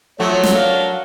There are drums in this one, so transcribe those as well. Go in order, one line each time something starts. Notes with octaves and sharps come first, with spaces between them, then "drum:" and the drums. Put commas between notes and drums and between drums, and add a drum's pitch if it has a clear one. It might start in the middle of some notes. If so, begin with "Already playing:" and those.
F3 F#3 A3 C#5
drum: snare
D4 A#4 F5